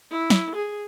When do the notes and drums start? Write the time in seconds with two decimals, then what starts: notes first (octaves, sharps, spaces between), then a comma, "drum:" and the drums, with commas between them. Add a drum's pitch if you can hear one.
0.11 E4
0.30 drum: snare
0.56 G#4